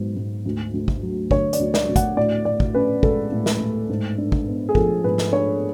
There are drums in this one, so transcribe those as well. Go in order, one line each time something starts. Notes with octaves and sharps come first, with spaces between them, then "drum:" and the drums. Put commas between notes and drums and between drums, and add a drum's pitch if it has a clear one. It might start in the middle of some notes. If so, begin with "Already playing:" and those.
Already playing: G#2 F#3 B3
G#2
D2
D2
drum: kick
F#3
D3 C#5, drum: kick
D5, drum: hi-hat
D2
D5, drum: snare
D2
F#5, drum: kick, hi-hat
A2 D5
A2 D5
drum: kick
C#4 B4
G#3 A4, drum: kick
A2
drum: snare
A2
G#2
D4
drum: kick
B3
G#4
F3 A4, drum: kick
G#2 B4
drum: snare
D4 C#5